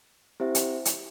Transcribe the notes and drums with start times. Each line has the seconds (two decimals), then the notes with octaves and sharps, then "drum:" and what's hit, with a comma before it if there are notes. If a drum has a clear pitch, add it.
0.40 C4 E4 G4 C5 E5
0.55 drum: hi-hat
0.85 drum: hi-hat